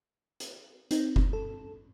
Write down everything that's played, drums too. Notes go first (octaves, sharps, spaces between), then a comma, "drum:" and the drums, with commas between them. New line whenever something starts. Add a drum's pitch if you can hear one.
drum: hi-hat
C4 D#4, drum: hi-hat
drum: kick F#1
A4